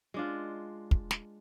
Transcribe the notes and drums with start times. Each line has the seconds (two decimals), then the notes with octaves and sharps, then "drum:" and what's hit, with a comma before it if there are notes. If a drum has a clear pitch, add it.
0.14 G#3 D4 F4
0.91 drum: kick
1.11 drum: snare